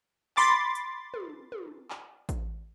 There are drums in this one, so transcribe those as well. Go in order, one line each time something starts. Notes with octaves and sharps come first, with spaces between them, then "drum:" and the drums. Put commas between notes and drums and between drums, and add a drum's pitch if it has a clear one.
B5 C6 D6 A6, drum: clap
drum: hi-hat
drum: tom
drum: tom
drum: clap
drum: kick A1, hi-hat